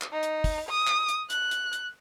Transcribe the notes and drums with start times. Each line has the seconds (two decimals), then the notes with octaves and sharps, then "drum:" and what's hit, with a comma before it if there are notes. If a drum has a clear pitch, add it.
0.01 drum: clap
0.12 D#4
0.23 drum: hi-hat
0.44 drum: kick, open hi-hat
0.69 D#6
0.87 drum: clap
1.08 drum: hi-hat
1.30 F#6, drum: hi-hat
1.51 drum: hi-hat
1.73 drum: hi-hat